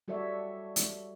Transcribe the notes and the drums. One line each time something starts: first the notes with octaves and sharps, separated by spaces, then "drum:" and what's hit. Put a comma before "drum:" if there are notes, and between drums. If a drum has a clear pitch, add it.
G3 F#4 A4 C#5 D5 E5
drum: hi-hat